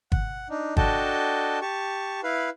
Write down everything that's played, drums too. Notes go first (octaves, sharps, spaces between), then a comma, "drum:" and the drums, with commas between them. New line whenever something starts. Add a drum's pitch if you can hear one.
F#5, drum: kick
D4 D#4
D4 F#4 A4 D#5 G5 A5, drum: kick
G4 A5 C#6
E4 B4 F5